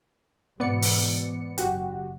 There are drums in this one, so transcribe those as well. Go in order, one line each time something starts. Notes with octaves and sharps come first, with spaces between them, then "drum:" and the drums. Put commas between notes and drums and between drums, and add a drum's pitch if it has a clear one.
G#2 B2 E3 B3 D5 C#7
drum: open hi-hat
F#1 F#4 G4, drum: hi-hat